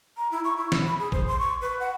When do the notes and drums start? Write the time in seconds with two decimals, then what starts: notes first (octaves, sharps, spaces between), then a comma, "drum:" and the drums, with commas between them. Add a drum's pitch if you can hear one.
0.17 A#5
0.31 E4
0.44 C#6
0.57 E4
0.72 drum: snare
0.86 B5
0.99 G#4
1.12 C5, drum: kick
1.27 C6
1.39 C#6
1.61 B4
1.79 F#5